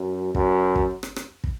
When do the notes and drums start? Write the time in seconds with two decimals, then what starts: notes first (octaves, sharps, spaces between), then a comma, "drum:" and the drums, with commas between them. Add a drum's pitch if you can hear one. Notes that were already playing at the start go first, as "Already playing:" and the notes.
Already playing: F#2
0.35 F#2, drum: kick
0.76 drum: kick
1.03 drum: rim click
1.16 drum: rim click
1.44 drum: kick